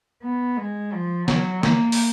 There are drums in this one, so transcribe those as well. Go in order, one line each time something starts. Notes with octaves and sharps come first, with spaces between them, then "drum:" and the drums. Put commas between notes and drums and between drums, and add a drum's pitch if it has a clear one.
B3
G#3
F3
F#3, drum: snare
A#3, drum: snare
drum: open hi-hat